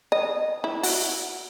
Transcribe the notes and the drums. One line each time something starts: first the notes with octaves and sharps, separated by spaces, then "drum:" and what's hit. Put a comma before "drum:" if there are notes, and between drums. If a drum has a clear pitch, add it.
D#5
E4
F#4, drum: open hi-hat